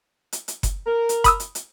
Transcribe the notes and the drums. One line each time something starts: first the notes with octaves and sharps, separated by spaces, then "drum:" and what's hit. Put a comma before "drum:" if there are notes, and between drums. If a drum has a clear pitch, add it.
drum: hi-hat
drum: hi-hat
drum: kick F#1, hi-hat
A#4
drum: hi-hat
B5 D#6 E6, drum: kick F#1, hi-hat
drum: hi-hat
drum: hi-hat